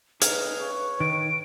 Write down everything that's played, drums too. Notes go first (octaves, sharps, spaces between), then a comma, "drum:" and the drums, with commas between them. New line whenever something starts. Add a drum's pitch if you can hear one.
D#4 G#4 B4 F5, drum: hi-hat
C#5
D#3 D7